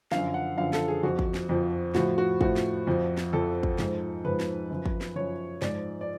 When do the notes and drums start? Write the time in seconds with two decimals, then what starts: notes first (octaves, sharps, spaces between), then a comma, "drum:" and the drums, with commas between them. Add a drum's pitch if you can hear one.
0.11 F#2 D3 F3 F5, drum: snare
0.34 F#5
0.57 F#2 D3 F3 F5
0.73 A4, drum: snare
0.88 G#4
1.03 F2 F3 F#4
1.19 drum: kick
1.34 drum: snare
1.49 F2 F3
1.95 A2 F3 F#4, drum: snare
2.18 F#4
2.41 A2 F3 F#4, drum: kick
2.56 drum: snare
2.87 F2 F3
3.17 drum: snare
3.33 F2 F3 A4
3.63 drum: kick
3.78 G#2 F3, drum: snare
4.24 G#2 F3 B4
4.40 drum: snare
4.70 F#2 F3
4.86 drum: kick
5.01 drum: snare
5.16 F#2 F3 C#5
5.62 G#2 F3 D5, drum: snare
6.01 D5